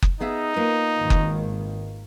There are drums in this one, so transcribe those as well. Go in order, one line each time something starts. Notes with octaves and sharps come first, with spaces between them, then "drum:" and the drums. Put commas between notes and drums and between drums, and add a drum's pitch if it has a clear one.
drum: kick F#1
B3 D#4 G#4 E5
A#3 F4 B4
G#1 D#3
drum: kick F#1